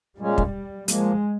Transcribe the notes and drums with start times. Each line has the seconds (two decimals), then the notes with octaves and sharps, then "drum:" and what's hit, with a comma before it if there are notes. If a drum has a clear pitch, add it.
0.18 A#2 G3 G#3 C#4
0.38 drum: kick
0.88 A#2 F3 G#3 A#3, drum: hi-hat